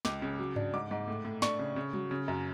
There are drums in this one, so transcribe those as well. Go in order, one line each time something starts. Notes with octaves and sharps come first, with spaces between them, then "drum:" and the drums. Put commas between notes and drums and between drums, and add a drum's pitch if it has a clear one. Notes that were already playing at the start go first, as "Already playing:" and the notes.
C#2 D6, drum: snare
C#3
F#3
D4, drum: tom G2
G#2 D6
G#2
A2
A2
D4 C#6, drum: snare
C#3
C#3
F#3, drum: tom G3
C#3
F#2